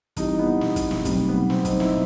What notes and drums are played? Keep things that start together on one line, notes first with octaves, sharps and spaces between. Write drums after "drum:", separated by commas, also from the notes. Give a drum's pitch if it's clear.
E3 G3 C4 D#4 E4 G4, drum: kick, hi-hat
B3
drum: snare
drum: kick, hi-hat
drum: snare
B2 F#3 G3 A3 C4 D#4, drum: kick, hi-hat
B3
C4, drum: snare
D#4, drum: kick, hi-hat
E4, drum: snare